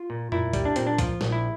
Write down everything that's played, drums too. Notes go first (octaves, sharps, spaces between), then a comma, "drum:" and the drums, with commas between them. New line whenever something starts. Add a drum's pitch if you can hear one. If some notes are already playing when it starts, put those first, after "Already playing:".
Already playing: F4
A#2
A#2 E4, drum: tom F2
G3, drum: kick, hi-hat
D4
A#2 C4, drum: hi-hat
D4
F3 F4, drum: kick, hi-hat
A#1, drum: snare
E4